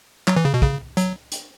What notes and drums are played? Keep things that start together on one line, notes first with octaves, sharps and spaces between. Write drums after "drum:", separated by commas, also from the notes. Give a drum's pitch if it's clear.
F#3, drum: clap
E3
C#3
B2
C#3, drum: kick
F#3, drum: hi-hat
drum: hi-hat